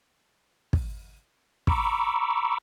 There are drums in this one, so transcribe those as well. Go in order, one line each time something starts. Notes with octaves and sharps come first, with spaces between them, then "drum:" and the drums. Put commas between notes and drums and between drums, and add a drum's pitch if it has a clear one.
drum: kick
A#5 B5 C#6 D6 E6, drum: kick